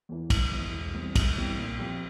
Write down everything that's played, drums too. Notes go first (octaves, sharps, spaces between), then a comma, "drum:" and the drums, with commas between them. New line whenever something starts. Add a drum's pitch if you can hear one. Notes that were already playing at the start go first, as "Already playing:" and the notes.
E2 E3
F1, drum: kick, cymbal
E2 E3
E1
E2 E3 G3 C4
E1, drum: kick, cymbal
E2 E3 G3 C4
A#2
F3 C4 G4